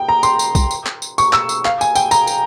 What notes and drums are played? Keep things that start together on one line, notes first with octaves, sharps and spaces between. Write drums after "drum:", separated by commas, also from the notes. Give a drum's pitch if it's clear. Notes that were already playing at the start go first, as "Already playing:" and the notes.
Already playing: G5
A#5
C6, drum: tambourine
drum: tambourine
drum: kick B1, tambourine
drum: tambourine
drum: clap
drum: tambourine
C#6, drum: tambourine
E6, drum: clap
drum: tambourine
F5, drum: clap
G#5, drum: tambourine
G5, drum: tambourine
A#5, drum: tambourine
drum: tambourine